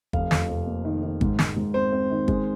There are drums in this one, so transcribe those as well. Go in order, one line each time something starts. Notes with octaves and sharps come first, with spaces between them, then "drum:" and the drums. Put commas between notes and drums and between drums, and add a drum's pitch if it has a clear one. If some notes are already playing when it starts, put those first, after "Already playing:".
F1 F5, drum: kick
F2, drum: snare
F1
A#3
D#3
D#3
G#2, drum: kick
G#2, drum: snare
G#2
C4 C5
C4
D#3
G#3, drum: kick